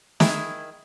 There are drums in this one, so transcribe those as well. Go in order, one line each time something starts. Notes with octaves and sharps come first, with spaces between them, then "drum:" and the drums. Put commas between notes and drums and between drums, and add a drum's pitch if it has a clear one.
D#3 E4 G#4, drum: snare